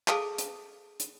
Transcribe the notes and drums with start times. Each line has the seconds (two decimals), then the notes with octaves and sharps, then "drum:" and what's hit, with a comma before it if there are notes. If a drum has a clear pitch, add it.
0.08 G#4 A4 F5 A5 D6, drum: clap
0.38 drum: hi-hat
1.00 drum: hi-hat